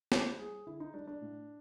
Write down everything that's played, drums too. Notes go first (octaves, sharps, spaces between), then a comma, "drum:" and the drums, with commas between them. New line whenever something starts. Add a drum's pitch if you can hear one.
D3 C5, drum: snare
G3 G#4
D3 E4
D#4
G3 D4
D4
A2